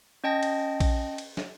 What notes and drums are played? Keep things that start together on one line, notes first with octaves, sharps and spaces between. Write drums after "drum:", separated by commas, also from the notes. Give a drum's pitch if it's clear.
C#4 D#5 G5 A5 A#6
drum: cymbal
drum: kick A#1, cymbal
drum: cymbal
drum: snare